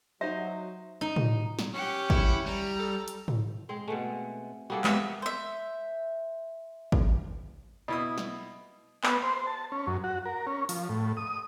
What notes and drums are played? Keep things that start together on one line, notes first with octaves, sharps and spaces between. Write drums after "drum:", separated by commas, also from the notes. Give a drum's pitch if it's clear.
F#3 D#4 C5 E5
D#4
drum: tom A2
drum: snare
C#4 G4 F#5
E4, drum: kick
G3 A#5
A4
drum: hi-hat
drum: tom G#2
G#3 C4
B2 G#3 A3 F#5
G3 A#3 F#4 G#4 A4 F#5
G#3 B3 E5, drum: clap
C5 E5
drum: kick
B2 E4 D#6
drum: snare
B3, drum: clap
C5
A5
C#4
F#2
F#4
A#4
C#4
F3, drum: open hi-hat
A2
D#6